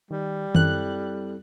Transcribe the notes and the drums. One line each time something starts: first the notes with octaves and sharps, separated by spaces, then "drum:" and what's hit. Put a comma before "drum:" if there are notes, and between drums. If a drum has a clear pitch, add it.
D#3 G3
F#2 C4 E4 A4 F#6, drum: tom D#3